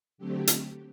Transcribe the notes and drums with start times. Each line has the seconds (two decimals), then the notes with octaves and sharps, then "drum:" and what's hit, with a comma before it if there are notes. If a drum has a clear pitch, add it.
0.18 D3 F#3 A3 C4 G4
0.47 drum: hi-hat